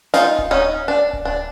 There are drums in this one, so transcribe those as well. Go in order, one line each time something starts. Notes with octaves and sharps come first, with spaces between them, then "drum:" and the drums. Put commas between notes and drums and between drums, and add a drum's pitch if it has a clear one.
D#4 F4, drum: snare
drum: kick D1
C#4 D#4
D4
drum: kick D1
D4